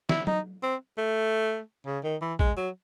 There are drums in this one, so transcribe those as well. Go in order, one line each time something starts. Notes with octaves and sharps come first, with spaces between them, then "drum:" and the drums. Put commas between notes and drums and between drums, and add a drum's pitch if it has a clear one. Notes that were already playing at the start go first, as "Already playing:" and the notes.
E4, drum: snare
D#4, drum: tom F#3
C4
A3
C#3
D#3
E3
G#3, drum: kick
F#3